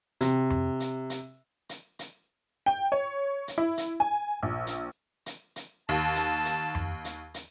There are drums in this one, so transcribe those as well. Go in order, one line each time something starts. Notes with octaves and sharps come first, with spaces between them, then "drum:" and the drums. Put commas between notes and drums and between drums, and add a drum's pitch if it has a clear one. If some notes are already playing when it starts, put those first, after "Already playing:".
C3, drum: hi-hat
drum: tom F2
drum: hi-hat
drum: hi-hat
drum: hi-hat
drum: hi-hat
G5
C#5
drum: hi-hat
E4
drum: hi-hat
G#5
A#1
drum: hi-hat
drum: hi-hat
drum: hi-hat
D#2 A5
drum: hi-hat
drum: hi-hat
drum: tom F2
drum: hi-hat
drum: hi-hat